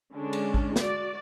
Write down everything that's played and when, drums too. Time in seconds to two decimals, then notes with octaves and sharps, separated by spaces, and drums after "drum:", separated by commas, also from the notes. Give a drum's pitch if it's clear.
0.14 D3 G#3 C#4 D4
0.33 drum: cymbal
0.54 drum: kick A1
0.76 F#4 D5, drum: snare